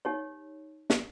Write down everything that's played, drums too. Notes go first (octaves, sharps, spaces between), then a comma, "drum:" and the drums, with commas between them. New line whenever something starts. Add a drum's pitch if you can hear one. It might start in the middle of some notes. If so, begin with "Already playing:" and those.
D#4 G4 C#5
drum: snare